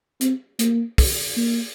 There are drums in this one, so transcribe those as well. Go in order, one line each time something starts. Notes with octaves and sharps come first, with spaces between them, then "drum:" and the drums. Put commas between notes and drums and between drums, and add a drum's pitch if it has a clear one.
C4, drum: hi-hat
A#3, drum: hi-hat
drum: kick, open hi-hat
A#3